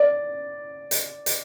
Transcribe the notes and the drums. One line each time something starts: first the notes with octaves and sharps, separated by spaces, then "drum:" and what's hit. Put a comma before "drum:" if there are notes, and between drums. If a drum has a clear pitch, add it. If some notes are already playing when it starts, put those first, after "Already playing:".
Already playing: D5
drum: hi-hat
drum: hi-hat